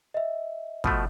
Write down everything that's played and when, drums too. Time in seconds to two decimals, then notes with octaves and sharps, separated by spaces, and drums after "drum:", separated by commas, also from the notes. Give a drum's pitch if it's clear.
0.14 D#5 E5
0.84 B2 F3 A3, drum: kick